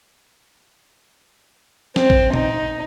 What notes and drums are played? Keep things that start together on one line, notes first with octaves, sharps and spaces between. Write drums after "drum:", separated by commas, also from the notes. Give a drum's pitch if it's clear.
C4, drum: snare
drum: kick
D#4, drum: tom A#2